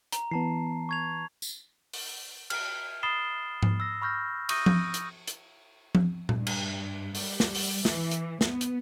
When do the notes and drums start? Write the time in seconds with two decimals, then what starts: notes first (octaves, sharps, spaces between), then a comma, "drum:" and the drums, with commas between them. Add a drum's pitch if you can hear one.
0.12 A#5, drum: hi-hat
0.31 E3 B3 A5 C7
0.89 C#6 G#6 F7
1.42 drum: tambourine
1.93 drum: open hi-hat
2.50 F6 D7, drum: cymbal
3.03 B5 D#6 A6 C7 E7 G7
3.63 drum: tom G#2
3.80 E6 A#6
4.02 B5 C#6 F6 G6 A#6
4.49 C#6 D#6 G6 A#6 D#7, drum: cymbal
4.66 drum: tom F3
4.94 drum: hi-hat
5.27 drum: hi-hat
5.95 drum: tom F3
6.29 G2, drum: tom A#2
6.47 drum: cymbal
7.15 G3, drum: open hi-hat
7.40 drum: snare
7.55 drum: open hi-hat
7.85 E3, drum: snare
8.11 drum: hi-hat
8.41 B3, drum: snare
8.61 drum: hi-hat